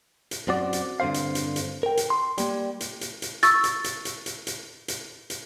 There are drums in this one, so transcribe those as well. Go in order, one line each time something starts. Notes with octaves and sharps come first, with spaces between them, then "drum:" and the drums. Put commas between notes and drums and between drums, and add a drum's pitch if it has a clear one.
drum: hi-hat
F#2 C4 F#4 D5
drum: hi-hat
G2 D3 C4 C5 F5
drum: hi-hat
drum: hi-hat
drum: hi-hat
A#4 G5
drum: hi-hat
C6
G3 A#3, drum: hi-hat
drum: hi-hat
drum: hi-hat
drum: hi-hat
C#6 E6 A6, drum: hi-hat
drum: hi-hat
drum: hi-hat
drum: hi-hat
drum: hi-hat
drum: hi-hat
drum: hi-hat
drum: hi-hat